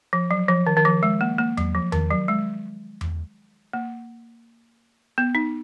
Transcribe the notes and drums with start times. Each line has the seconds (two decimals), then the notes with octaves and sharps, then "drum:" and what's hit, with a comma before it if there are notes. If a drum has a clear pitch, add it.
0.13 F3
0.31 F#3
0.48 F3
0.67 D#3
0.77 D#3
0.85 F3
1.03 G#3
1.21 A#3
1.38 A#3
1.57 F#3, drum: tom E2
1.75 F3
1.92 D#3, drum: tom E2
2.11 F#3
2.28 G#3
3.01 drum: tom E2
3.73 A#3
5.18 B3
5.35 D#4